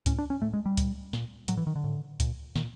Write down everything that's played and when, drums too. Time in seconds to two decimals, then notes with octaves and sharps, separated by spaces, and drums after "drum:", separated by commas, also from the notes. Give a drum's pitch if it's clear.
0.06 A2 C#4, drum: kick C#2, hi-hat
0.18 D4
0.30 C#4
0.42 A2 A3
0.53 G#3
0.66 G3
0.77 A#2, drum: kick C#2, hi-hat
1.13 A#2, drum: snare
1.48 A2 F#3, drum: hi-hat
1.57 E3
1.67 D#3
1.75 D3
1.84 A2
2.20 A#2, drum: kick C#2, hi-hat
2.56 A#2 D#3, drum: snare